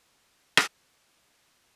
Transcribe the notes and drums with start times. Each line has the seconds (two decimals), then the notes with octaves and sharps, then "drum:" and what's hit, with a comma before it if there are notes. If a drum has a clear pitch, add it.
0.06 F#3
0.22 D#2
0.57 drum: rim click
0.93 A#3
1.22 C2